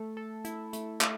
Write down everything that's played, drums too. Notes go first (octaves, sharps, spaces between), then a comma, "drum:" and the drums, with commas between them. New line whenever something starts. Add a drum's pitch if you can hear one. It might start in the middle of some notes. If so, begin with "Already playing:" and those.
Already playing: A3 A4
A4
E4, drum: hi-hat
A3, drum: hi-hat
A3, drum: clap